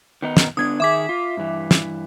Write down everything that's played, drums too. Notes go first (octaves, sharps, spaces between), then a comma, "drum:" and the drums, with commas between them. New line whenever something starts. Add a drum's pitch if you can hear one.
D#3 B3 D#4
drum: snare
D3 B3 D4 D#6 G#6
D#3 G#4 E5 D6 B6
F4
G2 E3
drum: snare